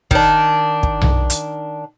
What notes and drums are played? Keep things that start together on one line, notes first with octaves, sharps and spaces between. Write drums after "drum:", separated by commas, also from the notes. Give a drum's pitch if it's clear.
D#3 D4, drum: kick
drum: kick
drum: tom B1
drum: hi-hat